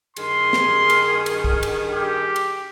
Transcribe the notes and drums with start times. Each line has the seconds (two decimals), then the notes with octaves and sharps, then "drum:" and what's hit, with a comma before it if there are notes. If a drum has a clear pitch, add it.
0.17 G2 D#3 G#4 C6, drum: cymbal
0.53 drum: snare
0.90 drum: cymbal
1.26 drum: cymbal
1.44 drum: kick
1.63 drum: cymbal
1.93 G4
2.36 drum: cymbal